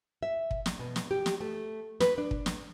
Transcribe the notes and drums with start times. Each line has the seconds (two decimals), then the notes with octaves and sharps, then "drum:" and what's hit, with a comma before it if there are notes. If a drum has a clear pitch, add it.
0.23 E5
0.51 drum: kick
0.66 drum: snare
0.79 B2
0.96 drum: snare
1.11 G4
1.26 drum: snare
1.40 A3
2.00 B4, drum: snare
2.18 D4
2.31 drum: kick
2.46 drum: snare